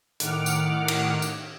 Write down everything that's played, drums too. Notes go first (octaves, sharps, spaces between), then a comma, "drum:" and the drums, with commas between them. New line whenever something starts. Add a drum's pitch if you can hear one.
A2 D#3 F#5 D6 F6, drum: hi-hat
drum: tambourine
drum: cymbal
drum: tambourine